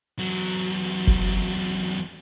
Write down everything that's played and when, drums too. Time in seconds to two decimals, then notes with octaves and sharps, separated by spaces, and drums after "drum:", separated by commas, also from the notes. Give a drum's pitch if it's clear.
0.19 E2 F#3
1.07 drum: kick F#1